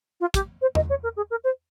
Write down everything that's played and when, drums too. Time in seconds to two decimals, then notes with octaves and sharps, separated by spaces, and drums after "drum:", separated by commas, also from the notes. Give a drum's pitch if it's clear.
0.20 F4
0.34 G4, drum: kick, hi-hat
0.61 C5
0.75 D#5, drum: tom E2
0.90 C#5
1.03 A#4
1.16 G#4
1.30 A#4
1.44 C5